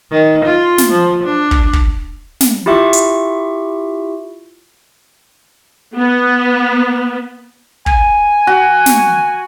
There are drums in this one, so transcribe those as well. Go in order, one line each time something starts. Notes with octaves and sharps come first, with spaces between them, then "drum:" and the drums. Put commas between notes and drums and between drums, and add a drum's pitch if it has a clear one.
D#3
F4
drum: snare
F3
D4
drum: kick
drum: kick
drum: snare
E4 F4 G4 E5 C#6
drum: hi-hat
B3
G#5, drum: kick
F#4
drum: snare